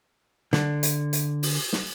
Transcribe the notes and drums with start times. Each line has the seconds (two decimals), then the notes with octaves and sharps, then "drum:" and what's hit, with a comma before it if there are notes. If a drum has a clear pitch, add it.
0.53 D3, drum: snare
0.83 drum: hi-hat
1.13 drum: hi-hat
1.43 drum: open hi-hat
1.73 drum: snare